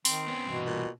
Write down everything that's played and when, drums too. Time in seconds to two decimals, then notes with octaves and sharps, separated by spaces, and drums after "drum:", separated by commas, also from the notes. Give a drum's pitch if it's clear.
0.05 D#3 C4, drum: open hi-hat
0.28 B3 C#4
0.48 C2 B2 E3
0.66 A#2